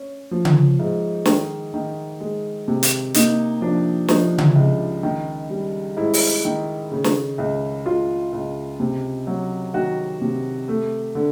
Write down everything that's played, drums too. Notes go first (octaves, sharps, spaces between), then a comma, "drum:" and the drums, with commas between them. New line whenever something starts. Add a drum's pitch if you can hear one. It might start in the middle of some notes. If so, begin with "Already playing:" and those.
Already playing: C#4
F3
drum: tom C#3
G#2
D#3, drum: snare
D#3
G#3
C3
drum: hi-hat
A#3 D#4, drum: hi-hat
F3 D4
F3 D#4, drum: snare
drum: tom C#3
C#2
D#3
G3
G#2 E4
drum: open hi-hat
D#3
C#3
drum: snare
C#2
C#2 F4
C#2
C3
F#3
D#3 F#4
C3
A3
D3